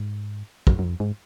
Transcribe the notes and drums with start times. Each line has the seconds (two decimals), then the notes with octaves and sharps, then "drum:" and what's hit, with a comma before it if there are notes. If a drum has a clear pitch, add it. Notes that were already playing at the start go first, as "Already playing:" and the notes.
Already playing: G#2
0.67 F#2, drum: kick
0.79 F#2
0.84 F2
1.00 G#2